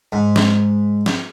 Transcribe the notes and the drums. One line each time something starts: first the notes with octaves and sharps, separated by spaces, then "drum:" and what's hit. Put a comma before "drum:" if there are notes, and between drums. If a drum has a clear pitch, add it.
G#2
drum: snare
drum: snare